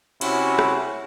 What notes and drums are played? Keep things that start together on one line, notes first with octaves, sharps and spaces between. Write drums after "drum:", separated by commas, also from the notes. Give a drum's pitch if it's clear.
C3 C#4 E4 F#4, drum: cymbal
drum: rim click